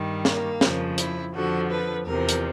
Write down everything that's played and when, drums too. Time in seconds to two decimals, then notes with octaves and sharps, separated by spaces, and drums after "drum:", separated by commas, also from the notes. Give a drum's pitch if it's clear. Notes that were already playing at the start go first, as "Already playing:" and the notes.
Already playing: G2 D#3 G3
0.25 A#3, drum: snare
0.61 F2 C#3 F3, drum: snare
0.98 E4, drum: hi-hat
1.34 F2 D3 F3 F#4
1.71 B4
2.06 E2 C3 F3 A#4
2.29 drum: hi-hat